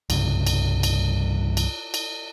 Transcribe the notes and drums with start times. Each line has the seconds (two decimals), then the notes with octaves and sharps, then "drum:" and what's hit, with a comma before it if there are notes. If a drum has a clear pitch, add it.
0.10 C2 G2 C#3 G3, drum: cymbal
0.47 drum: cymbal
0.83 drum: cymbal
1.57 drum: cymbal
1.94 drum: cymbal